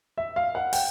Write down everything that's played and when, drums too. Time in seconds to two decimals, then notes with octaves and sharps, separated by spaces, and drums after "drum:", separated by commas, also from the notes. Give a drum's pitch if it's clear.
0.18 E5
0.36 F5
0.55 F#5
0.73 G5, drum: open hi-hat